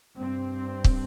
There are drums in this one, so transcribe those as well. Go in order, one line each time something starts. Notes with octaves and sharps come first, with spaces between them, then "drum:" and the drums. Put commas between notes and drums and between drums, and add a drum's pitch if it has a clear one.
G2 C4
drum: kick